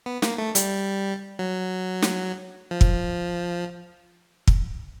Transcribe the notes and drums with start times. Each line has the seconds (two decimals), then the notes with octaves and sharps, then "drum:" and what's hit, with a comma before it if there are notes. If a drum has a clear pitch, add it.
0.06 B3
0.22 A#3, drum: snare
0.38 A3
0.55 G3, drum: hi-hat
1.39 F#3
2.02 drum: snare
2.71 F3
2.81 drum: kick
4.47 drum: kick